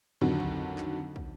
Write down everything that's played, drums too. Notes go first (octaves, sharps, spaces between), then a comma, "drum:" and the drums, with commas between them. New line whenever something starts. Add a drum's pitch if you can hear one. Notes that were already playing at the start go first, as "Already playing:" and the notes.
F2 D3 D#3 F#3
drum: kick
drum: clap
drum: kick